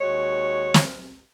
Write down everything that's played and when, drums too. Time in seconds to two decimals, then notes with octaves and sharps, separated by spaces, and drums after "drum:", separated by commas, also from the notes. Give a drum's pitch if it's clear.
0.01 D#2 G#3 F#4 C#5
0.74 drum: snare